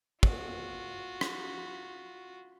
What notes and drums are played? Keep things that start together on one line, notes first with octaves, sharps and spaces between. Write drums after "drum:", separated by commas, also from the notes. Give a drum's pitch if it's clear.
F4 F#4, drum: kick
drum: rim click